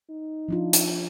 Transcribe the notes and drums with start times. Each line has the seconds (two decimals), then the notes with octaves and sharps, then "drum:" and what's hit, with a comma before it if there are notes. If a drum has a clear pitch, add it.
0.10 D#4
0.48 F3 D4 F4
0.73 drum: hi-hat